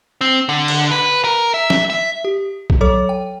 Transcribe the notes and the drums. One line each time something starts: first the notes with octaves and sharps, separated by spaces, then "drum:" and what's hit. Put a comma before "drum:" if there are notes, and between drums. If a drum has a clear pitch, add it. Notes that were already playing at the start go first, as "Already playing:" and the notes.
C4
D3
drum: cymbal
B4
A#4
E5
drum: snare
E5
G4
drum: kick B1
F#3 A4 C#5 D6
G5